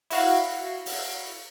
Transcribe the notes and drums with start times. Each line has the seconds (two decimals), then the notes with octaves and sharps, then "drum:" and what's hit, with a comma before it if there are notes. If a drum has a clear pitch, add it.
0.10 E4 F#4 F5, drum: open hi-hat
0.86 drum: open hi-hat